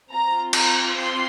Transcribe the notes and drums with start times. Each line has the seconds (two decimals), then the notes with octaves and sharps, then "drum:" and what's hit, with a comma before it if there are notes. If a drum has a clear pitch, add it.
0.10 C4 F4 A#5
0.53 A#5, drum: cymbal
0.95 C6